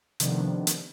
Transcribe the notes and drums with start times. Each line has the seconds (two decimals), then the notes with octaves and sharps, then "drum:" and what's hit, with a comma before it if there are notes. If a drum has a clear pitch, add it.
0.20 C3 D#3 F3 A3 B3 D4, drum: hi-hat
0.67 drum: hi-hat